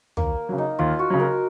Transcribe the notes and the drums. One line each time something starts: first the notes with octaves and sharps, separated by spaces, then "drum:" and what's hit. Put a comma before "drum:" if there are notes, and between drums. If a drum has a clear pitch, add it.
D#2 A#3, drum: tom
C#3 F#3
D#4
D#2 F4
F#4
C#3 F#3
A#4